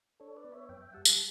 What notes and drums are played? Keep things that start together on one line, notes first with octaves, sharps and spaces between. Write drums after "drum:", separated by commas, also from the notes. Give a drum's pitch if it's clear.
D4 A4 C#5
B4 D5
B3
C#5 E5
F#2 E5 G5
E5 G5
G3 F#5 A5
F#5 A5, drum: tambourine